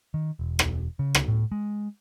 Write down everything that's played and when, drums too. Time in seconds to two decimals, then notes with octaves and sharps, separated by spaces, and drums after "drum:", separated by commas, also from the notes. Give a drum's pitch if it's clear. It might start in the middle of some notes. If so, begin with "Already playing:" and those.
0.14 D#3
0.39 E1
0.59 drum: rim click
0.99 C#3
1.15 drum: rim click
1.28 A2
1.52 G#3